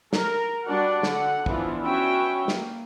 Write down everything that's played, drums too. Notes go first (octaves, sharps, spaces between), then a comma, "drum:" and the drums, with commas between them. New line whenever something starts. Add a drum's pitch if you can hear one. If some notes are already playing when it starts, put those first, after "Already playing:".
A#4, drum: snare
G3 D4 F#4 D5 F#5
D3 F#5, drum: snare
E3 F3 B3 D4 E4 F4, drum: kick
C#4 F#4 B4 C#5 E5 G5
A#3, drum: snare